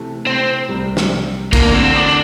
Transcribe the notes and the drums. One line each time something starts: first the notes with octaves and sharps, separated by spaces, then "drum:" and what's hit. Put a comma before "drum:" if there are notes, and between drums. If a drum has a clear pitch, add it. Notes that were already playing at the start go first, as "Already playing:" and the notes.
Already playing: C3 E3 A3
C4
C2 C3 G3
drum: snare
E2 D3 A3 A#3, drum: kick, cymbal
C4
D4